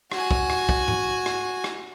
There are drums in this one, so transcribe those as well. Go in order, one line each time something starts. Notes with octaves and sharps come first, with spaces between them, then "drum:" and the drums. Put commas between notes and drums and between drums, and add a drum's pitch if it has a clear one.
F#4 G#5, drum: rim click
drum: kick
drum: rim click
drum: kick
drum: tom G#2
drum: rim click
drum: rim click